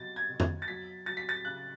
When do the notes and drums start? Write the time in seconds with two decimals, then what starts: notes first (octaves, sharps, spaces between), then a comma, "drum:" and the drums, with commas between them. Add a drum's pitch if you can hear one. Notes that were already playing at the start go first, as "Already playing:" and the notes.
Already playing: B2 F#3 A6
0.16 G#6
0.29 B2
0.40 drum: tom
0.62 A6
0.68 F#3 B6
1.06 F#3 A6
1.17 B6
1.29 A6
1.45 C#3 F#6